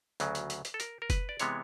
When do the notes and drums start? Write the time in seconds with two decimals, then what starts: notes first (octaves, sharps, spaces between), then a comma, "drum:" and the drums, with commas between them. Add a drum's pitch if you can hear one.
0.20 D2 C#3 F#3, drum: hi-hat
0.35 drum: hi-hat
0.50 drum: hi-hat
0.65 drum: hi-hat
0.74 A4
0.80 A#4, drum: hi-hat
1.02 A#4
1.10 B4, drum: kick F#1, hi-hat
1.29 D5
1.40 C3 E3 G#3 B3 C#5, drum: hi-hat